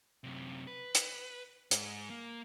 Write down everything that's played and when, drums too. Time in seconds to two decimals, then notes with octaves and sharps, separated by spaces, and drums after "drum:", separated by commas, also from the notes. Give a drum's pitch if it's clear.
0.24 F#2 C3
0.67 B4
0.95 drum: hi-hat
1.71 G#2, drum: hi-hat
2.10 A#3